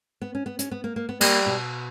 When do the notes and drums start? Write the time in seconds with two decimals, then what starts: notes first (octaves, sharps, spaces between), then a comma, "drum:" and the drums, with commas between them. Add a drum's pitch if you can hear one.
0.22 B3
0.35 C#4
0.46 B3
0.59 C#4, drum: hi-hat
0.71 B3
0.84 A#3
0.96 A#3
1.09 B3
1.21 G3 A#3, drum: cymbal
1.46 B2